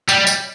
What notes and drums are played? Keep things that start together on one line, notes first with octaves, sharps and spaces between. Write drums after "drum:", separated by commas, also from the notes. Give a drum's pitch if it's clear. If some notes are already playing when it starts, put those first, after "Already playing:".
G3, drum: tambourine
drum: tambourine